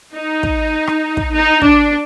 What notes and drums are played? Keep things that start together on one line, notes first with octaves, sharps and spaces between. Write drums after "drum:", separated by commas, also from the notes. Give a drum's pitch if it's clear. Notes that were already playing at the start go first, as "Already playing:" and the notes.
D#4
drum: kick
drum: rim click
drum: kick
D#4
D4, drum: kick